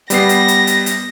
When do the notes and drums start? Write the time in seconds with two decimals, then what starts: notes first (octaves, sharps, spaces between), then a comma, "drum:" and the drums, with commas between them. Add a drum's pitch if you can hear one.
0.10 G3 B3 A#6 C7, drum: hi-hat
0.29 drum: hi-hat
0.48 drum: hi-hat
0.67 drum: hi-hat
0.86 drum: hi-hat